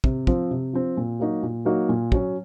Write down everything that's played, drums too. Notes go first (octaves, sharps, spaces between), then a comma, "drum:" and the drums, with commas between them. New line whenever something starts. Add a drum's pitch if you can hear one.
C3, drum: kick
F3 C4, drum: kick
C3
F3 C4
A#2
F#3 A#3 D#4 F#4
A#2
F#3 A#3 D#4 F#4
A#2
F#3 C#4, drum: kick